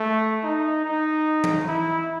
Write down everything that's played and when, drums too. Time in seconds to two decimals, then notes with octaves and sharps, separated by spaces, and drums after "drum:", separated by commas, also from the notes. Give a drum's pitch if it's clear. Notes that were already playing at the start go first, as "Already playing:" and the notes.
Already playing: A3
0.43 D#4
0.84 D#4
1.44 drum: tom E3
1.67 E4